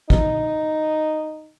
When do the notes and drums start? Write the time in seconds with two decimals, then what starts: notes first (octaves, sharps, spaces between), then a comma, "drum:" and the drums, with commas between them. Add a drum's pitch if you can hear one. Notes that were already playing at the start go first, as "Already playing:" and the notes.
0.10 D#4, drum: kick